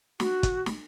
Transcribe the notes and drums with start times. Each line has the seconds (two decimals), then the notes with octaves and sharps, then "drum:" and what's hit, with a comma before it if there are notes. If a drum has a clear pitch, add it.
0.20 F#4, drum: snare
0.43 drum: kick, hi-hat
0.66 drum: snare